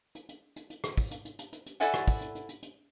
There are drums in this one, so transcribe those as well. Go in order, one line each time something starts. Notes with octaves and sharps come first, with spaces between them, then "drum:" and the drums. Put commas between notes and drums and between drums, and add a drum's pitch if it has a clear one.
drum: hi-hat
drum: hi-hat
drum: hi-hat
drum: hi-hat
drum: rim click
drum: kick, open hi-hat
drum: hi-hat
drum: hi-hat
drum: hi-hat
drum: hi-hat
drum: hi-hat
E4 A4 D5 E5 F#5 G#5, drum: hi-hat
drum: rim click
drum: kick, open hi-hat
drum: hi-hat
drum: hi-hat
drum: hi-hat
drum: hi-hat